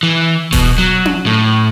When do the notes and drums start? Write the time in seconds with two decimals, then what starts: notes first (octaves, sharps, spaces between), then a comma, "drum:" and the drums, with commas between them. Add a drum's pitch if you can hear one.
0.03 E3
0.52 B2, drum: kick D#1, open hi-hat
0.78 F#3
1.05 drum: tom C#4
1.27 A2